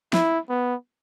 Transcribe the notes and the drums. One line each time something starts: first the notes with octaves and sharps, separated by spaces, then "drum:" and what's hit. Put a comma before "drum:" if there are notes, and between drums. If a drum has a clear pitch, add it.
E4, drum: snare
B3